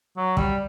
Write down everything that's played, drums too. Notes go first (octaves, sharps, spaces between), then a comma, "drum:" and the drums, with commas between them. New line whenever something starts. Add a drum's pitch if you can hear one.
F#3
G3, drum: kick